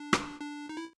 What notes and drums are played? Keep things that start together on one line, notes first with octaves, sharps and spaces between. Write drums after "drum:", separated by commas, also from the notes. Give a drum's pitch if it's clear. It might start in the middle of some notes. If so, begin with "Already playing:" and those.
Already playing: D4
drum: rim click
D4
D#4
E4